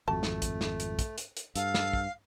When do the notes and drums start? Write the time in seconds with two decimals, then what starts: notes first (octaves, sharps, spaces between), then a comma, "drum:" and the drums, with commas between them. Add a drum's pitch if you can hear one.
0.08 G#1 F2 A3 F#4 A5
0.23 drum: snare
0.42 drum: kick, hi-hat
0.61 drum: snare
0.80 drum: hi-hat
0.99 drum: kick, hi-hat
1.18 drum: hi-hat
1.37 drum: hi-hat
1.56 G2 A4 F5, drum: hi-hat
1.74 drum: snare
1.93 drum: kick